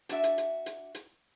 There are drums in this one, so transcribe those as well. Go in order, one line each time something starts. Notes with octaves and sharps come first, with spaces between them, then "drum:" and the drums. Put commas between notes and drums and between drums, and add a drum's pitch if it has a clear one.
D4 F#4 E5, drum: hi-hat
drum: hi-hat
drum: hi-hat
drum: hi-hat
drum: hi-hat